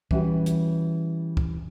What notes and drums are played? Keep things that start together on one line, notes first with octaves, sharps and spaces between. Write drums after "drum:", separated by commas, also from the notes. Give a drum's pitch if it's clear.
E3 G3 C#4 E4 F#4, drum: kick
drum: hi-hat
drum: kick